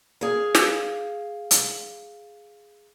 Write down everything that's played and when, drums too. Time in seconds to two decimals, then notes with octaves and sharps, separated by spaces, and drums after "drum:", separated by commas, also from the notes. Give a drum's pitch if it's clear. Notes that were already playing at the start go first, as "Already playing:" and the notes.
0.21 G#4 F5
0.55 drum: snare
1.51 drum: hi-hat